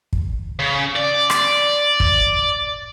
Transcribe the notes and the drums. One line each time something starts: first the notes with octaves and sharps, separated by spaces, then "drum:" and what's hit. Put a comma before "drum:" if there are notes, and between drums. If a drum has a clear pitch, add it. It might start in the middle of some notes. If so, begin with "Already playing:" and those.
drum: kick
C#3
D5
drum: rim click
drum: kick